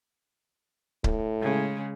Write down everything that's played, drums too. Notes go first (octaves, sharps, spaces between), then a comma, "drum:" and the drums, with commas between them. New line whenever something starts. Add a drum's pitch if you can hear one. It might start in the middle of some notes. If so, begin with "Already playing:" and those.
A2, drum: kick C#1
C#3 G#3